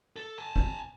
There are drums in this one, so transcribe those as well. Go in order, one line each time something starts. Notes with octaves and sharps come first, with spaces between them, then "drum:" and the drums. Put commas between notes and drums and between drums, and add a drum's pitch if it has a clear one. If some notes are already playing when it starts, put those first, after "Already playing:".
A4
G#5 A5
drum: kick